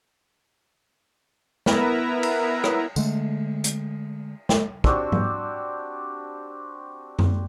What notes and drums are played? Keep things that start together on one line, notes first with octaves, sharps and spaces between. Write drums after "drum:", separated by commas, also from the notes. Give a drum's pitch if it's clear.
B3 E4 A#4 B4 E5 A#5, drum: snare
drum: cymbal
drum: rim click
D3 G#3 A3, drum: tambourine
drum: hi-hat
drum: snare
C4 D4 F#4 G4, drum: kick
drum: tom G#2
drum: tom F#2